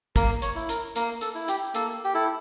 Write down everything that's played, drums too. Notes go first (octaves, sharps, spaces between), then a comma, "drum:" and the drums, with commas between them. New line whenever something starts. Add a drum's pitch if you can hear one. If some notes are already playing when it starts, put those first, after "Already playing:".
A#3 A#4, drum: kick, hi-hat
C#5, drum: hi-hat
E4
A#4, drum: hi-hat
A#3 A#4, drum: hi-hat
A4, drum: hi-hat
E4
G4, drum: hi-hat
A#3 A4, drum: hi-hat
G4
E4 A4